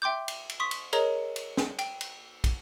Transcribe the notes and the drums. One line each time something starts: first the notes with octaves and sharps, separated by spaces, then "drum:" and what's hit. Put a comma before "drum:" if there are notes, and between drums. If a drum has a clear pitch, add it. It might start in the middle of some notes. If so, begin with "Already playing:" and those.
E5 G5 C6 D6 G6
drum: cymbal
drum: cymbal
C6 C#6 D#6 B6
drum: cymbal
G#4 A#4 C#5 D#5 A#5, drum: cymbal
drum: cymbal
drum: snare
G5, drum: cymbal
drum: cymbal
drum: kick, cymbal